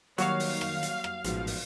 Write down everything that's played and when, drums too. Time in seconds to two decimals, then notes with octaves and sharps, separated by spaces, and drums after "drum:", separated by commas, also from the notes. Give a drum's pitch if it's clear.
0.18 D#3 F#3 G3 A#3 F#4 C#5 F5, drum: hi-hat
0.40 drum: open hi-hat
0.61 drum: rim click
0.83 drum: hi-hat
1.04 drum: rim click
1.24 A1 G#2 B2 F3, drum: hi-hat
1.47 drum: open hi-hat